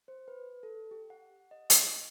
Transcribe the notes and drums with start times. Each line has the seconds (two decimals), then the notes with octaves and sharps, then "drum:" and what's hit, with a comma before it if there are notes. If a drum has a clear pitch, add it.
0.08 C5
0.28 B4
0.63 A4
0.91 G4
1.10 F#5
1.51 D#5
1.70 D#5, drum: hi-hat